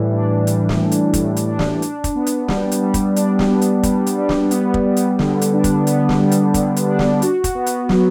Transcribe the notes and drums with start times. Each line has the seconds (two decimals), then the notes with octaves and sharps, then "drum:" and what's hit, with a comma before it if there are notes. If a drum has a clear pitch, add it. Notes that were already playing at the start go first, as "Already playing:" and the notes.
Already playing: A2 E3 G3
0.12 D4
0.47 G3, drum: hi-hat
0.69 drum: snare
0.81 E3
0.92 drum: hi-hat
1.14 A2, drum: kick, hi-hat
1.37 drum: hi-hat
1.47 D4
1.59 drum: snare
1.82 D4, drum: hi-hat
2.04 drum: kick, hi-hat
2.16 B3
2.27 drum: hi-hat
2.48 G3, drum: snare
2.72 drum: hi-hat
2.82 G3
2.94 drum: kick, hi-hat
3.16 D4, drum: hi-hat
3.39 drum: snare
3.50 B3
3.61 drum: hi-hat
3.83 G3, drum: kick, hi-hat
4.06 drum: hi-hat
4.18 G3
4.29 drum: snare
4.51 B3, drum: hi-hat
4.74 drum: kick
4.85 G3
4.96 drum: hi-hat
5.19 D3, drum: snare
5.41 drum: hi-hat
5.53 D4
5.64 drum: kick, hi-hat
5.87 B3, drum: hi-hat
6.09 drum: snare
6.20 G3
6.31 drum: hi-hat
6.54 D3, drum: kick, hi-hat
6.76 drum: hi-hat
6.88 D4
6.99 drum: snare
7.22 F#4, drum: hi-hat
7.44 drum: kick, hi-hat
7.55 B3
7.66 drum: hi-hat
7.89 F#3, drum: snare